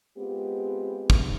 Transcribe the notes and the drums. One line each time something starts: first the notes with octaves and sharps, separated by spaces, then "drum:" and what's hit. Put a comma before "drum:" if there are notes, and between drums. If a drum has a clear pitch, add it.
G#3 B3 C4 F4 G4
drum: kick